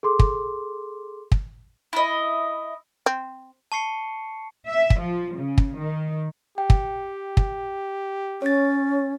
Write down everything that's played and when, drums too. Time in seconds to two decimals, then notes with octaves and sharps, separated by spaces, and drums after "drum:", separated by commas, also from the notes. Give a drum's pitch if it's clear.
0.03 G#4 A4 C6 D6
0.19 drum: kick
1.32 drum: kick
1.93 E4 D#5
3.06 C4
3.72 A5 C#6 C7 C#7
4.68 E5
4.90 drum: kick
5.01 F3
5.36 C#3
5.58 drum: kick
5.77 D#3
6.58 G4 G5
6.70 drum: kick
7.37 drum: kick
8.42 C#4 C#5 A6